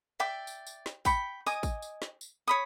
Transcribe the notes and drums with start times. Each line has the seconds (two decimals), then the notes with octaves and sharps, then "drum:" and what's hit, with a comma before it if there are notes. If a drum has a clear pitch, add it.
0.20 D5 E5 G5 D6
0.47 drum: tambourine
0.67 drum: tambourine
0.86 drum: snare
1.05 G5 B5 C#6, drum: kick, tambourine
1.46 D#5 G#5 D6 D#6, drum: tambourine
1.63 drum: kick, tambourine
1.82 drum: tambourine
2.02 drum: snare
2.21 drum: tambourine
2.47 C#5 B5 D#6